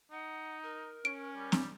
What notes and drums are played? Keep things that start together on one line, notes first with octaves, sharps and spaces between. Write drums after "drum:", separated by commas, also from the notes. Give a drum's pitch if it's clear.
D#4 F#5
A#4
C#4 D7
G3
drum: snare